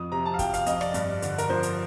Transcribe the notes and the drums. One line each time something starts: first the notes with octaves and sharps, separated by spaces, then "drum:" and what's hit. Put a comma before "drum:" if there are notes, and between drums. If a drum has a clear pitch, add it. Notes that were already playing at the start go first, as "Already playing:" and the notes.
Already playing: F2 D#6
C3 A#5
A5
F5
F3 G5, drum: kick, hi-hat
F5, drum: hi-hat
F2 D#5, drum: hi-hat
D5, drum: rim click
G2, drum: hi-hat
D3, drum: hi-hat
A#4, drum: hi-hat
F3 C5
drum: hi-hat